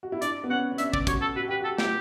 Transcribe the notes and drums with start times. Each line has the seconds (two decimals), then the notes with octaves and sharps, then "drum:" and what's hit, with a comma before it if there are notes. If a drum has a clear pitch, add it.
0.03 F#4
0.12 E4
0.22 D4 D5, drum: hi-hat
0.44 B3
0.50 C#4 F#5
0.72 C#4
0.78 D4 E5, drum: hi-hat
0.93 D5, drum: kick
1.07 F#4 C#5, drum: kick, hi-hat
1.22 A4
1.36 F#4 B4
1.48 G4 B4
1.61 F#4 A4
1.78 G4, drum: snare